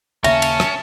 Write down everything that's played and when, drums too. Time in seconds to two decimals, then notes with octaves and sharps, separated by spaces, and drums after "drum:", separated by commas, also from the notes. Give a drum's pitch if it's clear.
0.24 D#2 C#3 A#3 C#4 E5 A5, drum: cymbal
0.42 drum: cymbal
0.60 drum: rim click